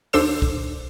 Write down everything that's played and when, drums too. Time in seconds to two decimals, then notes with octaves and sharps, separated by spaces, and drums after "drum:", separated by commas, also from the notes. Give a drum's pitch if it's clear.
0.13 D#2 D4 A4 C5 E6 E7, drum: open hi-hat
0.42 drum: kick C2